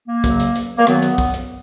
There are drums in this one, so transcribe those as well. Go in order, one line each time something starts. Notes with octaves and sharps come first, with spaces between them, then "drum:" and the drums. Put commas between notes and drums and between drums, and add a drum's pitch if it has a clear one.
A#3
F#2 C#3 F#3, drum: kick, hi-hat
drum: hi-hat
drum: hi-hat
A#3
F#2 D#3 F#3 B3, drum: rim click
drum: hi-hat
drum: kick, open hi-hat
drum: hi-hat